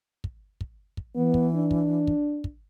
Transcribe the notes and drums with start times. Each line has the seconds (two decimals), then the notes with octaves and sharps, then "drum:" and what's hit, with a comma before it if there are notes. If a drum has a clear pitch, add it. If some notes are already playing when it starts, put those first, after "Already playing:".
0.24 drum: kick
0.61 drum: kick
0.97 drum: kick
1.16 E3 B3
1.34 drum: kick
1.55 D4
1.71 drum: kick
2.07 drum: kick
2.44 drum: kick